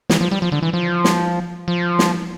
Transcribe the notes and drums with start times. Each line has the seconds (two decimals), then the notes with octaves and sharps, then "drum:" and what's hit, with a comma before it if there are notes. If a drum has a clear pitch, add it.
0.10 E3, drum: snare
0.21 F3
0.31 G3
0.42 F3
0.52 D3
0.62 E3
0.73 F3
1.04 drum: snare
1.68 F3
1.99 drum: snare